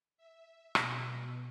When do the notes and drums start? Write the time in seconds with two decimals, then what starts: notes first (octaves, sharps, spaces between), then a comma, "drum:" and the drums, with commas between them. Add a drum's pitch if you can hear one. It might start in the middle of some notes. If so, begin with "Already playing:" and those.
0.17 E5
0.75 B2, drum: rim click